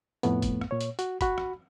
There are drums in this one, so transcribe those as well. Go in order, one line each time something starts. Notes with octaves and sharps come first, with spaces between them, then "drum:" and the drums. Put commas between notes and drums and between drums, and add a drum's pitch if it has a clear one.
F2 A2 A3 B3, drum: hi-hat
drum: kick, hi-hat
drum: rim click
A#2 C#5
drum: hi-hat
F#4, drum: hi-hat
F#4 B5, drum: kick, hi-hat
drum: rim click